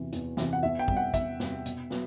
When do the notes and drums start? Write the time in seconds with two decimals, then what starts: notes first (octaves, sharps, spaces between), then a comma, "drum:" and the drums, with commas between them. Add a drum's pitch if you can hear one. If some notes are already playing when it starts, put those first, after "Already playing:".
Already playing: E2 C3 E3
0.12 E2, drum: hi-hat
0.37 C3 E3, drum: snare
0.53 F#5
0.63 E2 E5
0.79 G5
0.88 C3 G3, drum: kick
0.97 F#5
1.14 E2 E5, drum: kick, hi-hat
1.40 C3 G3, drum: snare
1.66 B2, drum: hi-hat
1.90 F#3 B3, drum: snare